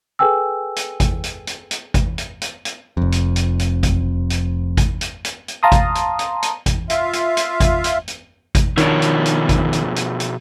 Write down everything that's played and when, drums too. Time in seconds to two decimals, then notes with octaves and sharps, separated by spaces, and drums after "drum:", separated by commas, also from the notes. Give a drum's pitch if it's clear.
0.19 G#4 A4 B4 G5 G#5 E6
0.76 drum: hi-hat
1.00 drum: kick G#1, hi-hat
1.24 drum: hi-hat
1.47 drum: hi-hat
1.71 drum: hi-hat
1.94 drum: kick G#1, hi-hat
2.18 drum: hi-hat
2.41 drum: hi-hat
2.65 drum: hi-hat
2.97 F1 F2
3.12 drum: hi-hat
3.36 drum: hi-hat
3.59 drum: hi-hat
3.83 drum: kick G#1, hi-hat
4.30 drum: hi-hat
4.77 drum: kick G#1, hi-hat
5.01 drum: hi-hat
5.25 drum: hi-hat
5.48 drum: hi-hat
5.63 F5 A5 A#5 C6 D#6
5.72 drum: kick G#1, hi-hat
5.95 drum: hi-hat
6.19 drum: hi-hat
6.42 drum: hi-hat
6.66 drum: kick G#1, hi-hat
6.90 F4 E5 F5, drum: hi-hat
7.13 drum: hi-hat
7.37 drum: hi-hat
7.60 drum: kick G#1, hi-hat
7.84 drum: hi-hat
8.08 drum: hi-hat
8.55 drum: kick G#1, hi-hat
8.77 B2 D#3 F3 D4 C#5, drum: hi-hat
9.02 drum: hi-hat
9.25 drum: hi-hat
9.49 drum: kick G#1, hi-hat
9.73 drum: hi-hat
9.96 drum: hi-hat
10.20 drum: hi-hat